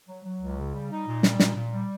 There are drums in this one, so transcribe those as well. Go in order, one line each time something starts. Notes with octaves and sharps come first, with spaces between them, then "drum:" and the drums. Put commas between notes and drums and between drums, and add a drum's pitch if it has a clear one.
F#3
F#3
C#2
C#3
G3
D#4
A#2
G3, drum: snare
A#2, drum: snare
A#2
G3